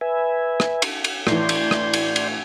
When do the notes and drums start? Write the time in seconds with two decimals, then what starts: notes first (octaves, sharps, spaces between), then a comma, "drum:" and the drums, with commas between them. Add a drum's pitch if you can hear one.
0.01 B4 E5 G#5
0.60 drum: rim click
0.82 drum: cymbal
1.04 drum: cymbal
1.27 A2 E3 D5 C6 G6, drum: rim click
1.49 drum: cymbal
1.71 drum: rim click
1.93 drum: cymbal
2.16 drum: cymbal